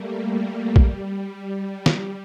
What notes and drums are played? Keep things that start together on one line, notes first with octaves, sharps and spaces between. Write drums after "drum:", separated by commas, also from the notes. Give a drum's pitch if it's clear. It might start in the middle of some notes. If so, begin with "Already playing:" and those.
Already playing: G3 A3 A#3
G3 A#3
G3, drum: kick A#1
drum: snare